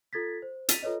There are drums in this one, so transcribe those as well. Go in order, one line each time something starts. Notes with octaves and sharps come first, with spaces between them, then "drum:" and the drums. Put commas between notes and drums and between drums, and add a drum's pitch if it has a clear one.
F4 A4 G#6 A6 B6
C5
A6 B6 D#7 F7, drum: hi-hat
F4 A4 B4 C#5 D#5